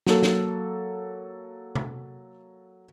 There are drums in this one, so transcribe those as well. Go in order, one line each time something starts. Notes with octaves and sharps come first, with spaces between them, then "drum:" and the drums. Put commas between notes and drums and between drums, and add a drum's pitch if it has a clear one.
F#3 A#3 A4, drum: snare
drum: snare
drum: tom C3